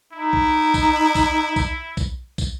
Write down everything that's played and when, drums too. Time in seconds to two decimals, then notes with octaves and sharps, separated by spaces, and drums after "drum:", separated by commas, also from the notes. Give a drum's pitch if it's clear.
0.13 D#4 E4
0.33 drum: kick
0.74 drum: kick, tambourine
1.15 drum: kick, tambourine
1.56 drum: kick, tambourine
1.97 drum: kick, tambourine
2.38 drum: kick, tambourine